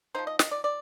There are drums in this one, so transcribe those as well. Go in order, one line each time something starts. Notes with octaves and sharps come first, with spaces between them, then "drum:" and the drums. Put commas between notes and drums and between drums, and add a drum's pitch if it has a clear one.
F3 A#3 D#4 C5
D#5
D#5, drum: snare
D5
D5